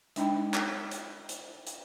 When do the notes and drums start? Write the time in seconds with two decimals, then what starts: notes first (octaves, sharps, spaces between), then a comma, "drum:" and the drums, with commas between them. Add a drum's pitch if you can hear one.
0.16 G#3 D4 D#4 D#5 G5 B5, drum: hi-hat
0.54 drum: clap
0.91 drum: hi-hat
1.29 drum: hi-hat
1.67 drum: hi-hat